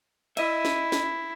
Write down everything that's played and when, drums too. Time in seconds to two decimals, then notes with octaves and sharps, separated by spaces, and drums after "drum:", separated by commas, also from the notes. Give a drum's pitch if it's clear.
0.37 E4 D#5 E5, drum: cymbal
0.65 drum: snare
0.92 drum: snare